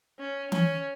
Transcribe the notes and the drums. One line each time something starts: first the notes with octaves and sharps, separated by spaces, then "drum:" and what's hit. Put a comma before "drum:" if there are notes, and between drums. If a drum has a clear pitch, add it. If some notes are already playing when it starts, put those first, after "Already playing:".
C#4
C#4, drum: tom E3